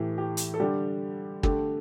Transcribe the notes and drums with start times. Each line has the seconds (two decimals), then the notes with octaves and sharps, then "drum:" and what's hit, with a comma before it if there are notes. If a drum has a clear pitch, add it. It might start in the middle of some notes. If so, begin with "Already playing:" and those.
Already playing: A2 E3 A3 G4
0.18 G4
0.37 drum: hi-hat
0.54 A4
0.60 D3 G3 G4
1.43 D3 A3 G4, drum: kick